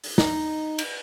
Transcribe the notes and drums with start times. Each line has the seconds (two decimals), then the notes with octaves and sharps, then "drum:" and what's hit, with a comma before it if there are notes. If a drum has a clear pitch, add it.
0.04 drum: open hi-hat
0.18 D#4, drum: snare
0.78 drum: cymbal